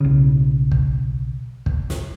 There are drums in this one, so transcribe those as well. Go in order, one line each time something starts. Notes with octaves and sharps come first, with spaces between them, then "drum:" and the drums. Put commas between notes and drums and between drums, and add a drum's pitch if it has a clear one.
B1 C#3
drum: kick
drum: kick
drum: snare